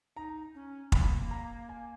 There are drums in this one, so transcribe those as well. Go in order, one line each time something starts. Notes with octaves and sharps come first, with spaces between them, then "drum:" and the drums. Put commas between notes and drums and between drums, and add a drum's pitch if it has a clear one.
D#4 A#5
C#4
A#3 B5, drum: kick
A#5
G#5